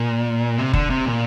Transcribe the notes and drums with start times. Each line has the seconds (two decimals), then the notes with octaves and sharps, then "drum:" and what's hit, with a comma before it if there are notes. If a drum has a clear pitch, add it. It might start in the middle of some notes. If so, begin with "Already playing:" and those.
Already playing: A#2
0.58 C3
0.73 D3, drum: kick F1
0.90 C3
1.06 A#2